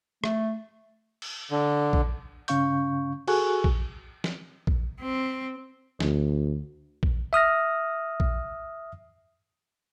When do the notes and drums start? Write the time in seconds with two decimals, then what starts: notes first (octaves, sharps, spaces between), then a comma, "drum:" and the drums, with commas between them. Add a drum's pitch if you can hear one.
0.24 A3, drum: rim click
1.22 drum: cymbal
1.51 D3
1.93 drum: kick A#1
2.48 G2 C#3 C#4 F5 C#6 G6, drum: hi-hat
3.28 F#4 G#4 A4 G#5 C#6 F#6, drum: cymbal
3.64 drum: kick A#1
4.24 drum: snare
4.67 drum: kick A#1
5.01 C4
6.00 D2, drum: snare
7.03 drum: kick A#1
7.33 E5 D#6 F6 A#6
8.20 drum: kick A#1